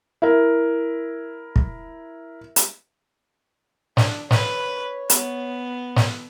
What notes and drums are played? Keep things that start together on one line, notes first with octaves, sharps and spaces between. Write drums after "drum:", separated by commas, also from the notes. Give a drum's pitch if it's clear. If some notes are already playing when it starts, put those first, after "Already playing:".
E4 A#4
drum: kick
drum: hi-hat
D4, drum: snare
B4 C#5, drum: snare
B3, drum: hi-hat
drum: snare